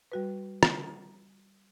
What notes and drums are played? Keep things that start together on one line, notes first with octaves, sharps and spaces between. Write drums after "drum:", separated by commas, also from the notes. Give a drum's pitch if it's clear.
G3 F#4 B4
drum: rim click